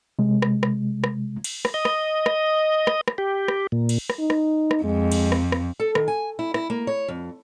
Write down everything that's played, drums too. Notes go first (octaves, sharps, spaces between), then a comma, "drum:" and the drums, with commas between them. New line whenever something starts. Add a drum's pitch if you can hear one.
C3 G#3
drum: rim click
drum: rim click
drum: rim click
drum: cymbal
drum: rim click
D#5
drum: rim click
drum: rim click
drum: rim click
drum: rim click
G4
drum: rim click
A#2
drum: cymbal
drum: rim click
D#4
drum: rim click
drum: rim click
F2 G#3
drum: cymbal
drum: rim click
drum: rim click
A4
D#3, drum: rim click
G#5
E4
E4, drum: rim click
A#3
C#5
F2